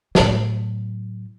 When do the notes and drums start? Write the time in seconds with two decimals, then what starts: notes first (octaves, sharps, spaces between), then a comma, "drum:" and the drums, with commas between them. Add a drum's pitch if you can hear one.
0.15 A2 F#3, drum: snare